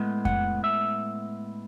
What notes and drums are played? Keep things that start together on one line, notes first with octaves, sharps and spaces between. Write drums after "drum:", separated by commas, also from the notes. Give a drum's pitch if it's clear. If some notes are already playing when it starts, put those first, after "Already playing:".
Already playing: A2 G#3 B3
F#5, drum: kick F2
E5